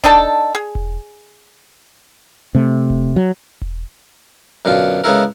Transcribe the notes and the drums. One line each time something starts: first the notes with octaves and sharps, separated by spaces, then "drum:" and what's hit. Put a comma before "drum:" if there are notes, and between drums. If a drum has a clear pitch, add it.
D4 D#4 A4 A5, drum: kick E1
G#4
drum: kick E1
C3 A3
drum: kick E1
F#3
drum: kick E1
F#2 B2 D3 F4
C#3 G#3 B3 E4 A4 A#4